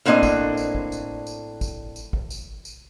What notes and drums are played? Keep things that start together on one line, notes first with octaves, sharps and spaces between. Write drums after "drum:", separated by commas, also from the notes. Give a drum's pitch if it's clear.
A2 A#3 C4 D4 D#5
drum: kick, tambourine
drum: tambourine
drum: kick
drum: tambourine
drum: tambourine
drum: kick, tambourine
drum: tambourine
drum: kick
drum: tambourine
drum: tambourine